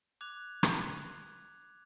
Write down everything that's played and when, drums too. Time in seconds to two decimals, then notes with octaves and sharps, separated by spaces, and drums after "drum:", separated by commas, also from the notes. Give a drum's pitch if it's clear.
0.21 D6 F#6 G#6 F7
0.63 drum: rim click